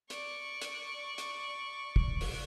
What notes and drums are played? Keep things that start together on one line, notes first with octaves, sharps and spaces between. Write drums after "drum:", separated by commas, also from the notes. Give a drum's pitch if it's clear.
D5 C#6, drum: hi-hat
drum: hi-hat
drum: hi-hat
drum: kick
drum: open hi-hat